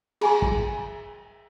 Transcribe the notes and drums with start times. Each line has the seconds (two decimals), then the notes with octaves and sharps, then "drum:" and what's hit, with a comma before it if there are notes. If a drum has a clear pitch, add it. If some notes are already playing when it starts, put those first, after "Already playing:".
0.21 G#4 G#5 D6, drum: cymbal
0.42 drum: kick